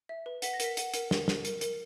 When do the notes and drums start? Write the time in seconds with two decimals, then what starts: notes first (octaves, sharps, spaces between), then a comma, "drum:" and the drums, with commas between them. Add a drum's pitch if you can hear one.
0.09 E5
0.26 B4
0.42 F#5 B6, drum: hi-hat
0.54 A#6
0.60 A#4 B6, drum: hi-hat
0.77 F#5, drum: hi-hat
0.94 A#4, drum: hi-hat
1.11 A#4, drum: snare
1.28 A#4, drum: snare
1.45 A#4, drum: hi-hat
1.61 A#4, drum: hi-hat